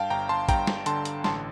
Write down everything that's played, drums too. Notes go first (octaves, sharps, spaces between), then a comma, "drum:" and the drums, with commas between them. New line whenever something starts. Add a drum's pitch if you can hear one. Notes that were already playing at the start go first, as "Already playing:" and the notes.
Already playing: G2 F5 G5 A5
G1 G5 A#5
A5 C6
G2 G5 A#5, drum: kick, hi-hat
drum: snare
D3 A5 C6, drum: hi-hat
drum: hi-hat
A1 A5 C6, drum: snare